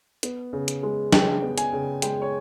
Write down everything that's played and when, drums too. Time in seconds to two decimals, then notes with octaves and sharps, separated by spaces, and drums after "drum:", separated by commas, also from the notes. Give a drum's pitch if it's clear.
0.23 B3, drum: hi-hat
0.53 C#3
0.68 drum: hi-hat
0.83 G#3
1.13 C#3 G5, drum: snare
1.43 B3
1.58 G#5, drum: hi-hat
1.73 C#3
2.02 G#3 G5, drum: hi-hat
2.22 C#5